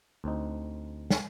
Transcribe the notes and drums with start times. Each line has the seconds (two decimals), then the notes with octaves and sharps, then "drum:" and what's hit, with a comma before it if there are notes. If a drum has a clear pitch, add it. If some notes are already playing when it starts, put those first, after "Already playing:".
0.24 D2 C4 D#4
1.10 drum: snare